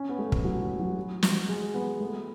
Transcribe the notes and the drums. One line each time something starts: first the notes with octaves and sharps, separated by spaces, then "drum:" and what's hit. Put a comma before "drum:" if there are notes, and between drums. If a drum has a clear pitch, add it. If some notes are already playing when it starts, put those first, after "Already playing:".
Already playing: C#4
B3
A3
drum: kick
F#3
F#3
F#3
F#3, drum: snare
G#3
B3
A3